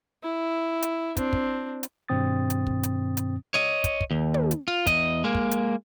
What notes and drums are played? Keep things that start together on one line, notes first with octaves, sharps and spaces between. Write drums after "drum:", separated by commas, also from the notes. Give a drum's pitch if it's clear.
E4
drum: hi-hat
C4 D4, drum: kick, hi-hat
drum: kick
drum: hi-hat
G2 B2 D#3 C4 D#6 A6
drum: hi-hat
drum: kick
drum: hi-hat
drum: hi-hat
C#5 D#5
drum: kick, hi-hat
drum: kick
D#2
drum: tom
drum: hi-hat
F4
E2 D#5, drum: kick, hi-hat
G#3 A#3
drum: kick
drum: hi-hat